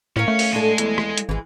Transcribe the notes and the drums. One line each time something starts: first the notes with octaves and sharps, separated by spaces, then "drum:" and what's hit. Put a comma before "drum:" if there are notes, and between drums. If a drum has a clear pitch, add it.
A2 C#4 A#4 C#5 F5
A3
drum: open hi-hat
A2 G#3 D4 A4 G#5
E2, drum: hi-hat
drum: rim click
drum: hi-hat
G#1 E3 G#3